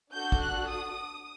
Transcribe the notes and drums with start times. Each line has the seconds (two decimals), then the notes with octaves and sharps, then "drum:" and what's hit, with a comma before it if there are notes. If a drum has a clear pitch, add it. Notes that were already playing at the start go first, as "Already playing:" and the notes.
0.13 D4 F#4 A4 G6
0.32 drum: kick
0.42 F#6
0.70 D#6